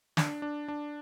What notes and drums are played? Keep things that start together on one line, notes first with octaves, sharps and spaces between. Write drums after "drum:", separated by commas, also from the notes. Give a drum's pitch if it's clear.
D4, drum: snare
D4
D4